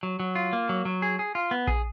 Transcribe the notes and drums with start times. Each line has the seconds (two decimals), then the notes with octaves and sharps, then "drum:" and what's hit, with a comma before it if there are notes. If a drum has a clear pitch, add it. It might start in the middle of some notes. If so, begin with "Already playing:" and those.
0.03 F#3
0.20 F#3
0.35 F4
0.53 A#3
0.69 F#3
0.85 F#3
1.02 G#4
1.19 G#4
1.35 F4
1.51 B3
1.67 G#4, drum: kick A#1